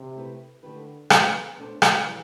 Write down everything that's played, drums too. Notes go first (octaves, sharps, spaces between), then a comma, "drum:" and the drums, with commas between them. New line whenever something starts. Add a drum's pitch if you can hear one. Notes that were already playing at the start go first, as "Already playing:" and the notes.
Already playing: C3
A3 E4 G4 B4
D3 A3 E4 G4 B4
A3 B3 D4 A4 C5, drum: rim click
A3 D4 A4 C5
drum: rim click
E3 G3